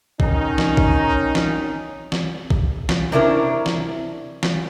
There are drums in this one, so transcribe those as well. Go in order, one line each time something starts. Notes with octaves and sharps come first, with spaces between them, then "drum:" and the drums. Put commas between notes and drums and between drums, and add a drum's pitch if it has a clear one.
D#3 C#4 D#4, drum: kick
drum: snare
drum: kick
drum: snare
drum: snare
drum: kick
drum: snare
C3 C#4 D4 E4 A4 A#4
drum: snare
drum: snare